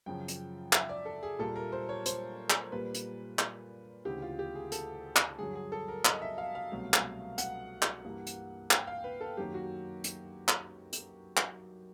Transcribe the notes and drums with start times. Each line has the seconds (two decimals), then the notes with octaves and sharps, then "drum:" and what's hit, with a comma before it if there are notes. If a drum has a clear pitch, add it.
0.06 F#2 C#3 F3 G5
0.28 drum: hi-hat
0.73 E5, drum: clap
0.89 D5
1.05 A4
1.23 G#4
1.39 A#2 G3 A#3 A4
1.56 A#4
1.72 C5
1.89 C#5
2.06 C5, drum: hi-hat
2.50 drum: clap
2.72 A#2 G3 A#3 B4
2.94 drum: hi-hat
3.39 drum: clap
4.05 D2 C#3 E3 G4
4.22 F4
4.39 G4
4.55 G#4
4.72 A4, drum: hi-hat
5.16 drum: clap
5.39 G2 D3 F#3 G#4
5.55 G#4
5.72 A4
5.88 A#4
6.05 D#5, drum: clap
6.22 E5
6.38 F5
6.55 F5
6.72 C2 B2 F#3 A3
6.94 drum: clap
7.38 F#5, drum: hi-hat
7.82 drum: clap
8.05 G2 E3 G3 A#3
8.27 drum: hi-hat
8.71 G5, drum: clap
8.87 F5
9.04 B4
9.21 A4
9.37 F#2 D#3 F#3 A#3 G4
9.54 F#4
10.04 drum: hi-hat
10.48 drum: clap
10.93 drum: hi-hat
11.37 drum: clap